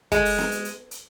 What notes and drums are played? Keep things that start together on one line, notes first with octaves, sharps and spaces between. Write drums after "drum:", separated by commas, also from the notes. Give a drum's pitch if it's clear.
G#3, drum: kick, hi-hat
drum: open hi-hat
drum: snare B3
drum: hi-hat
drum: hi-hat
drum: hi-hat